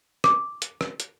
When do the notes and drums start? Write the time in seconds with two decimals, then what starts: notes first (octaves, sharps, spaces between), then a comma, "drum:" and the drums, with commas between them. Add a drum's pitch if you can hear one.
0.24 D6, drum: rim click
0.62 drum: hi-hat
0.81 drum: rim click
1.00 drum: hi-hat